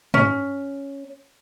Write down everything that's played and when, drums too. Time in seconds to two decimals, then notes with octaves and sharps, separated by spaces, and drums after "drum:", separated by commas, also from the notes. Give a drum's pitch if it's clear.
0.14 C#4, drum: tom